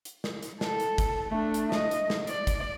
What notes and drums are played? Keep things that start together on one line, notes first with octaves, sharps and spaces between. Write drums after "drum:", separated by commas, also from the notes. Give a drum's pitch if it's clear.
drum: hi-hat
drum: snare
drum: hi-hat
A4, drum: snare
drum: hi-hat
drum: kick, hi-hat
A3 D4
drum: hi-hat
D#5, drum: snare
drum: hi-hat
drum: snare
D5, drum: hi-hat
drum: kick, hi-hat